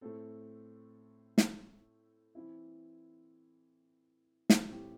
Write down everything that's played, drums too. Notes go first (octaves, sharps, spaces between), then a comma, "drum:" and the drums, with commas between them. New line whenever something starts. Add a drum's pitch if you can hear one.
A2 A3 C4 A4
drum: snare
E3 C4 E4
drum: snare
A2 E3 C4 G4